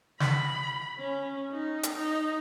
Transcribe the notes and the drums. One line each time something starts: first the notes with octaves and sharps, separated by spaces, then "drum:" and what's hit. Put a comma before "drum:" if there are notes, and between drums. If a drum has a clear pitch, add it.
B5, drum: snare
C#4
D#4
drum: hi-hat
D#4